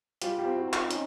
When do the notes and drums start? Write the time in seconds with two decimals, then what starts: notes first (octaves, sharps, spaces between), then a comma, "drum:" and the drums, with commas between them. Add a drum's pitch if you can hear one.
0.22 G3 F4 G4, drum: hi-hat
0.38 F4 G4
0.45 C4
0.56 E4 F#4
0.68 C4
0.73 D#4 F4, drum: clap
0.91 C#4 D#4, drum: hi-hat